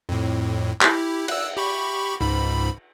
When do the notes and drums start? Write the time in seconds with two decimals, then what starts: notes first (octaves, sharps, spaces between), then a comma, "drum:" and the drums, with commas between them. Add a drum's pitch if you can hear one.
0.09 F2 A2
0.81 E4 G4, drum: clap
1.28 E6 F#6, drum: cymbal
1.57 G4 B5 C#6
2.21 C#2 G#2 B5